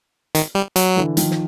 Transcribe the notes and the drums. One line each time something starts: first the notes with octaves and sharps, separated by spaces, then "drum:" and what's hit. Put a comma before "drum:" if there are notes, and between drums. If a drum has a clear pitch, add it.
D#3, drum: hi-hat
G3
F#3, drum: hi-hat
D3 E3
D#3 F3, drum: hi-hat
drum: snare